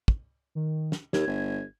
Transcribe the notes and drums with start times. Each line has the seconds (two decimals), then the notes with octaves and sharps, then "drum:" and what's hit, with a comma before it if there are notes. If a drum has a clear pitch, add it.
0.08 drum: kick
0.55 D#3
0.92 drum: snare
1.13 D#2 G#6, drum: snare
1.27 G1